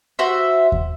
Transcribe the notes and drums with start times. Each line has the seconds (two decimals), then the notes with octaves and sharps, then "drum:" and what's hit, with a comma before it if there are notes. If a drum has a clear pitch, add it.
0.19 F#4 C5 E5
0.72 drum: kick D#2